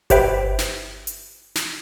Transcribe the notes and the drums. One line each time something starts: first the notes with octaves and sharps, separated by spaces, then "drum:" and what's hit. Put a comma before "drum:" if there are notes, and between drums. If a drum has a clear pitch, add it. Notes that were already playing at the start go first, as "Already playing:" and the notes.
G4 B4 C5 E5 G5 B5, drum: kick G1, hi-hat
drum: snare
drum: hi-hat
drum: snare